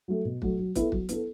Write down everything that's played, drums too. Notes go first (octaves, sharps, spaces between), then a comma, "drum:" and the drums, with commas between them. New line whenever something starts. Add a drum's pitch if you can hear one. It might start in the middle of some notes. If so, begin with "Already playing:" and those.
F#3 A3
B2
F#3 A3, drum: kick
F#3
B3 E4 A4, drum: kick, hi-hat
F#3, drum: kick
B3 E4 A4, drum: hi-hat